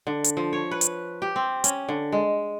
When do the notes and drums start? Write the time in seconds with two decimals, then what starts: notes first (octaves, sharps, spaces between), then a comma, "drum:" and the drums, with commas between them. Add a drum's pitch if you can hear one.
0.07 D3
0.24 drum: hi-hat
0.37 F3
0.53 C#5
0.71 B4
0.81 drum: hi-hat
1.22 G4
1.36 C4
1.64 C#4, drum: hi-hat
1.89 D3
2.12 G#3